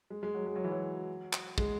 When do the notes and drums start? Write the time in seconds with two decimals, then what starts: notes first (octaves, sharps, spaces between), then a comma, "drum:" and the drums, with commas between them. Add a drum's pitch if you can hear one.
0.10 G#3
0.23 G#3
0.34 F#3
0.46 G#3
0.56 F#3
0.64 E3
0.72 F#3
1.33 drum: clap
1.58 G#3, drum: kick